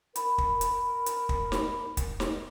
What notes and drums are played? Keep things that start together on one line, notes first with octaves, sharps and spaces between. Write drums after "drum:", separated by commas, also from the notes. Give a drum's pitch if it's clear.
A#4 B5, drum: hi-hat
drum: kick
drum: hi-hat
drum: hi-hat
drum: kick
drum: snare
drum: kick, hi-hat
drum: snare